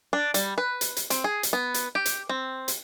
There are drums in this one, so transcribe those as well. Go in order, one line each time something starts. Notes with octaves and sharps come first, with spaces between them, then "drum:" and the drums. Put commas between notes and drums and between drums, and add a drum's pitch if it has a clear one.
D4
G3, drum: hi-hat
B4
drum: hi-hat
drum: hi-hat
C4, drum: hi-hat
G#4
drum: hi-hat
B3
drum: hi-hat
G4
drum: hi-hat
C4
drum: hi-hat